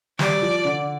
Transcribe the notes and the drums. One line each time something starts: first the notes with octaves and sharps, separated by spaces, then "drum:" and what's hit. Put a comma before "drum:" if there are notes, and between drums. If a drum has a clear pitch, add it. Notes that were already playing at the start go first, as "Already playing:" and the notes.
G3 D5, drum: snare
F3
D3